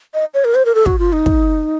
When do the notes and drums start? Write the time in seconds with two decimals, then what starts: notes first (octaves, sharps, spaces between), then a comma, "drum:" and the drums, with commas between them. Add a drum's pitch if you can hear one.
0.14 D#5
0.34 C#5
0.45 A#4
0.55 C5
0.65 A#4
0.75 A4
0.86 F#4, drum: kick
0.99 F4
1.13 D#4
1.26 drum: kick